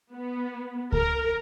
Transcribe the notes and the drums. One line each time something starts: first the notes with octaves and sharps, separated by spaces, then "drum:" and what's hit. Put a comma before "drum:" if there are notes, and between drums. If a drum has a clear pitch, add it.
B3
A#4, drum: kick C#2